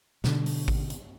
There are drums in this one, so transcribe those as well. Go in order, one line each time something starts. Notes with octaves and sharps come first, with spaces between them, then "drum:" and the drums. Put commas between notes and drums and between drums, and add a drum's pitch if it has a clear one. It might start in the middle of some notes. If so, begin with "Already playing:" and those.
B2 D3, drum: snare
drum: open hi-hat
drum: kick G#1
drum: hi-hat